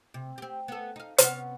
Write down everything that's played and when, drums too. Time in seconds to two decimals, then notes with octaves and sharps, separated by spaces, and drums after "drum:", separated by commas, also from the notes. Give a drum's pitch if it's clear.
0.14 C3
0.38 C4 G4
0.68 B3 A4
0.96 D#4 F5
1.18 C3 B3 C#4, drum: hi-hat